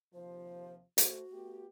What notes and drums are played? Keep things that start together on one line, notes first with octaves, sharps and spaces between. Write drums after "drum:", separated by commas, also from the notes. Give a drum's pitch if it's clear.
D#2 C3 F3 C5
A3 F#4 A4 C5, drum: hi-hat
A3 B3 G4